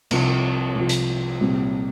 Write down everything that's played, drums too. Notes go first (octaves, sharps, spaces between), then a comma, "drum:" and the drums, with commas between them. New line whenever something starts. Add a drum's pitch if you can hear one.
C2 C3 F3, drum: cymbal
C2 C3 F3
drum: hi-hat
C2 A#2 G3 C4 F4